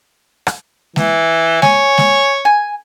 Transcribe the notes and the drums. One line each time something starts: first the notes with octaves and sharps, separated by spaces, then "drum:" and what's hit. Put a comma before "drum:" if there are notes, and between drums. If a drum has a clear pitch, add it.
drum: rim click
E3, drum: snare G#3
C#5 G#5, drum: snare G#3
drum: snare G#3
G#5